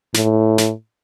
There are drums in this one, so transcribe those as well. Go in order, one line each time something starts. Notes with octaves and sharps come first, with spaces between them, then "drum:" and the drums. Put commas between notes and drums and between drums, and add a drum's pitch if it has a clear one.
A2, drum: snare
drum: snare